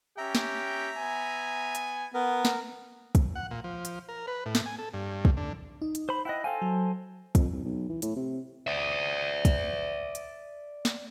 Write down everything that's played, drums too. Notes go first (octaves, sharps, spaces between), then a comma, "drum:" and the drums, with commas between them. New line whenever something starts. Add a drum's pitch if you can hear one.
C#4 G4 E5 G5 A#5
drum: snare
B3 G#5
drum: hi-hat
B3 A#4
drum: snare
drum: kick, hi-hat
F#5
A#2
F3
drum: hi-hat
A#4
B4
A2
drum: snare
G#5
A4
G2
drum: kick
D3
D#4
drum: hi-hat
C5 B5
E4 D#5 F#5 G5 F#6
A4 C5 F5 G5 G#5
F#3
F2, drum: kick, hi-hat
C2
B1
E3
A2, drum: hi-hat
C3
D5 E5
drum: kick, hi-hat
drum: hi-hat
drum: snare